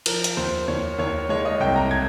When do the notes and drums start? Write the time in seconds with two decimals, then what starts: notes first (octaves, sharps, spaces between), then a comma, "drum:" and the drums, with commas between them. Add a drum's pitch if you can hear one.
0.06 F3 A#4, drum: cymbal
0.24 drum: hi-hat
0.37 D#2 C5
0.68 D#2 C#5
0.98 D#2 C#5
1.29 G#3 C#5
1.45 D#5
1.60 C2 G5
1.76 A#5
1.91 G#6